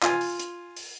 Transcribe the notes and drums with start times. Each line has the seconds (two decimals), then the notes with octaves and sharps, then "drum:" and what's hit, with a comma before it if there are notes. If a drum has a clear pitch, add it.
0.03 F4 G#5, drum: clap
0.21 drum: open hi-hat
0.39 drum: hi-hat
0.76 drum: open hi-hat